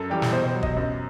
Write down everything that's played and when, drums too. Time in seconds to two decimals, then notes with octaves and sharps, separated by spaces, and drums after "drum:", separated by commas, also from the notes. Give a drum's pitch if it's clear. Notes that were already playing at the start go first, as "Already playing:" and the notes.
Already playing: F#2 A4
0.10 E3 G3 G4
0.22 drum: snare
0.32 B2 C5
0.47 C5
0.55 F#3
0.63 D#5, drum: kick
0.77 F#2